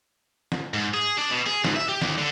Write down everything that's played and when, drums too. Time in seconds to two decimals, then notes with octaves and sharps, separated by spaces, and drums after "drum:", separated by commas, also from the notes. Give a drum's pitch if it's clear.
0.52 drum: snare
0.74 G#2
0.94 G#4
1.18 D4
1.31 B2
1.47 G#4
1.64 G#2, drum: snare
1.76 E5
1.89 G4
2.02 D#2, drum: snare
2.18 D3